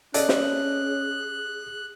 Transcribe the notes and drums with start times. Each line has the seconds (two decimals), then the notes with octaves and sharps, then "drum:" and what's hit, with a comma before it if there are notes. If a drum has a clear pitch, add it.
0.14 C#4 G#4 A4 D5 D#5 F#6, drum: hi-hat
0.29 drum: snare